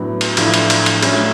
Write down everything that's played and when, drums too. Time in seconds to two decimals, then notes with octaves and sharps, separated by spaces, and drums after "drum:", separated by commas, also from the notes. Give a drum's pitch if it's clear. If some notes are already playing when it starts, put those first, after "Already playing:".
Already playing: A2 F#3 B3 D4
0.21 drum: cymbal
0.37 A2 F3 A3 D4, drum: cymbal
0.54 drum: cymbal
0.70 drum: cymbal
0.86 drum: cymbal
1.02 F#3 A3 C#4, drum: cymbal